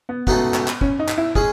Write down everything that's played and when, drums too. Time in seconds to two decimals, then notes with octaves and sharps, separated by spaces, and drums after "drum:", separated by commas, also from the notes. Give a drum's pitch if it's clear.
0.09 B3
0.27 C#2 B2 A3 B3 D#4 F#4, drum: kick
0.54 drum: clap
0.68 drum: clap
0.81 C#4, drum: kick
0.99 D#4
1.08 drum: clap
1.18 E4
1.35 G#3 C#4 G#4, drum: kick